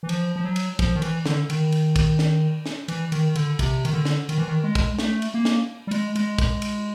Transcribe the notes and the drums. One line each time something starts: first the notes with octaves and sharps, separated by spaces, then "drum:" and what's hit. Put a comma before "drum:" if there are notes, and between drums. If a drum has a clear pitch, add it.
E3
F3, drum: cymbal
F3
F#3
drum: cymbal
F3, drum: kick, cymbal
D#3
E3, drum: cymbal
D3, drum: snare
D#3, drum: cymbal
drum: cymbal
drum: kick, cymbal
drum: snare
drum: snare
E3, drum: cymbal
D#3, drum: cymbal
D3, drum: cymbal
C3, drum: kick, cymbal
D#3, drum: cymbal
D3
drum: snare
D#3, drum: cymbal
E3
D#3
G#3
drum: kick, cymbal
A3, drum: snare
drum: cymbal
A#3
drum: snare
G3
G#3, drum: cymbal
G#3, drum: cymbal
drum: kick, cymbal
drum: cymbal